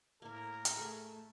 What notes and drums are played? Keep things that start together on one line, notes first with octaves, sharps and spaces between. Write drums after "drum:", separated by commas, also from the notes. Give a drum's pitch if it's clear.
A2 A#3 E4 A#4
drum: hi-hat
A3 G#4 A4 E5